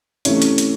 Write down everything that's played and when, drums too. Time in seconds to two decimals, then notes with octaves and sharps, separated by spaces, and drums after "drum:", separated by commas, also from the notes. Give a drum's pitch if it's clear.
0.25 C3 E3 A3 C#4 C#5, drum: hi-hat
0.42 drum: hi-hat
0.58 drum: hi-hat